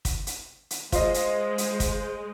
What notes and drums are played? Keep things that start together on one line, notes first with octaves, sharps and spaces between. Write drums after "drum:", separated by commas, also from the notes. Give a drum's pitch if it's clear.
drum: kick, hi-hat
drum: hi-hat
drum: hi-hat
G#3 F4 C5 D#5, drum: kick, hi-hat
drum: hi-hat
drum: hi-hat
drum: kick, hi-hat